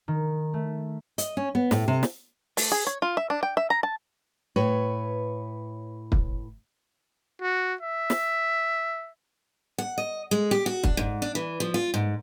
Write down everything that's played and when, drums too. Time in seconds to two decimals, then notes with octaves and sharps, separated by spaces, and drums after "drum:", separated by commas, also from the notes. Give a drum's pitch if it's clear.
0.08 D#3
0.54 A3
1.18 D#5, drum: hi-hat
1.37 C#4
1.55 B3
1.71 A2, drum: snare
1.88 C3
2.03 drum: snare
2.57 A3, drum: open hi-hat
2.72 G#4
2.87 C#5
3.02 F4
3.17 E5
3.30 D4
3.43 G5
3.57 E5
3.70 A#5
3.83 A5
4.56 A2 B4 C#5
6.12 drum: kick
7.42 F#4
7.81 E5
8.10 drum: snare
9.78 F#5
9.98 D#5
10.31 G#3
10.51 G4
10.66 F#4
10.83 D4, drum: kick
10.97 G#2
11.22 D4
11.35 E3
11.60 F3
11.74 F4
11.94 G#2